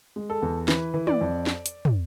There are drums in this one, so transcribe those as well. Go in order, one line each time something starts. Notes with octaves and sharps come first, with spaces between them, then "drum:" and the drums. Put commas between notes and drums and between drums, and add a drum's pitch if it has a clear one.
G#3
A4
E2
E3 B4, drum: snare
E3
D5, drum: tom
F2
drum: snare
drum: hi-hat
drum: tom